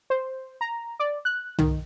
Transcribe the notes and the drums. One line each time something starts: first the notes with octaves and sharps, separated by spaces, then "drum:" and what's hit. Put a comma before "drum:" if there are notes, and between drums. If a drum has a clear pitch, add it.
C5
A#5
D5
F#6
D#3, drum: tom